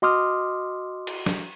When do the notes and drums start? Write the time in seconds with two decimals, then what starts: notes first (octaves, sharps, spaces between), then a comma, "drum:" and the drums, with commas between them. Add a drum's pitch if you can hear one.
0.02 F#4 D#5 C6 D6 D#6 F6
1.07 drum: cymbal
1.26 drum: snare